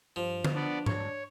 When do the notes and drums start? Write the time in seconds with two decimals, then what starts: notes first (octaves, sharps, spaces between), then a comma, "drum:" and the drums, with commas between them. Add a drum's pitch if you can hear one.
0.16 G2 F3
0.44 drum: tom
0.55 B3 D4 D5
0.86 C#5, drum: tom G#2